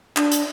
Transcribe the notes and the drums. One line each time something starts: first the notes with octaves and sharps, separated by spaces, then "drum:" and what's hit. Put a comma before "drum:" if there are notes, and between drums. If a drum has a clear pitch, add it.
D4, drum: clap
drum: hi-hat